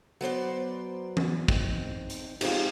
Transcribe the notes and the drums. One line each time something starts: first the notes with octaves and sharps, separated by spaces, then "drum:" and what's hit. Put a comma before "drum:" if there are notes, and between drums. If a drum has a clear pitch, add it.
F#3 B3 C5 D5
drum: tom E3
C4 D#4, drum: kick
drum: hi-hat
F3 G#3 C4 D#4 G4, drum: cymbal